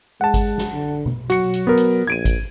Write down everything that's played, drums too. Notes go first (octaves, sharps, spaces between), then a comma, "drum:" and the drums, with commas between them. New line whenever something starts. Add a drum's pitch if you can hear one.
G#3 F#5 A5
drum: kick G#1, hi-hat
drum: snare
D3
drum: tom B2
F#3 F#4 C#7, drum: hi-hat
drum: hi-hat
B3 A#4
drum: hi-hat
A#1 G#6 D7 D#7
drum: kick G#1, hi-hat